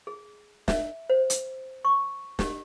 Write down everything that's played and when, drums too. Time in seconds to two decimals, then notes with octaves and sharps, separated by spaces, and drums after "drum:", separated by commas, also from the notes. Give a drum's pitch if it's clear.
0.07 G#4
0.68 E5, drum: snare
1.10 C5
1.30 drum: hi-hat
1.85 C#6
2.39 G4, drum: snare